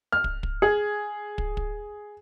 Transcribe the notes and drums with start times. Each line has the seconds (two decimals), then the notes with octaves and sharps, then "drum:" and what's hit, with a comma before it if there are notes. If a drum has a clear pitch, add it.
0.12 F6
0.24 drum: kick
0.43 drum: kick
0.62 G#4
1.38 drum: kick
1.57 drum: kick